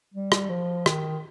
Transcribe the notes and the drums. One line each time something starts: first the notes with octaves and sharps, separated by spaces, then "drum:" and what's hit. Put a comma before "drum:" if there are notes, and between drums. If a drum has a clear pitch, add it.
G3
drum: rim click
F3
D#3, drum: rim click